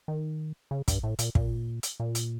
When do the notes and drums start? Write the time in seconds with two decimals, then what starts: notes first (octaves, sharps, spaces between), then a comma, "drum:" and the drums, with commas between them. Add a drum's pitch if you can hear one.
0.08 D#3
0.71 C#3
0.88 G2, drum: kick, hi-hat
1.03 A2
1.19 A#2, drum: hi-hat
1.35 A#2, drum: kick
1.83 drum: hi-hat
2.00 A#2
2.15 drum: hi-hat